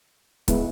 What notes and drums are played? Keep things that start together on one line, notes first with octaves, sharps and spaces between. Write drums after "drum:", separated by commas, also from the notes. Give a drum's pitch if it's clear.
G#3 B3 E4, drum: kick, hi-hat